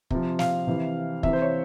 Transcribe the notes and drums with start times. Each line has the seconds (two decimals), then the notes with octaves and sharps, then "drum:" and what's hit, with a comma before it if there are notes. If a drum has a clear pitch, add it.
0.11 C3 F3, drum: kick
0.39 F5, drum: snare
0.67 C3 E3
1.23 C3 E3 E5, drum: kick
1.33 C5
1.42 C#5